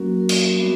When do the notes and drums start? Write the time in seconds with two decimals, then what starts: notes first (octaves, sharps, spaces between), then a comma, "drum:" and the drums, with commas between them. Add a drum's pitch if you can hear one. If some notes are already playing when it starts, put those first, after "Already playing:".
Already playing: F#3 A#3 C#4 F#4 A#4
0.20 A#4
0.29 drum: cymbal
0.57 G3 B3 D4 F#4